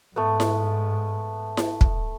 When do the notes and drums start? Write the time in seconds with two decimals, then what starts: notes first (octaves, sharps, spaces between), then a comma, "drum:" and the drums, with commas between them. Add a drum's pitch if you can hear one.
0.16 G#2 A3 B3
0.40 drum: snare E4
1.57 drum: snare E4
1.81 drum: kick